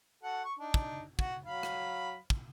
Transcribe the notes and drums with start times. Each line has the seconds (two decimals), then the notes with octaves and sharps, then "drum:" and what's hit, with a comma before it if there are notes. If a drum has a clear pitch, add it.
0.23 F#4 A4 F#5
0.44 C#6
0.59 D4 D#4
0.74 drum: kick
1.19 F#4, drum: kick
1.46 F#3 F5 B5
1.63 drum: rim click
2.30 drum: kick